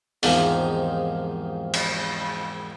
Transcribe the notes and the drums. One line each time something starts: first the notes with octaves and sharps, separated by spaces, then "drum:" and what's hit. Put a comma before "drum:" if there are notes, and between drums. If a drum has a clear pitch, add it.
E2 G#2 C3 D#3 F3, drum: open hi-hat
drum: cymbal